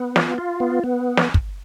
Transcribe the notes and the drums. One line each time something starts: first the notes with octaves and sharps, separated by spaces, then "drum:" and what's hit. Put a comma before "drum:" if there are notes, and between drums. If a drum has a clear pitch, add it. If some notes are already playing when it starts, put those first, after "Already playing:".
Already playing: B3
F4, drum: snare
F4
B3
B3
drum: snare
drum: kick